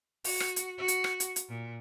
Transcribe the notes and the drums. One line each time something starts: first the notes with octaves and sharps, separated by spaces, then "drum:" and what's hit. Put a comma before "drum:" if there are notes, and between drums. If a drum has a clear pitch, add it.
F#4, drum: open hi-hat
drum: rim click
drum: hi-hat
F#4
drum: hi-hat
drum: rim click
drum: hi-hat
drum: hi-hat
A#2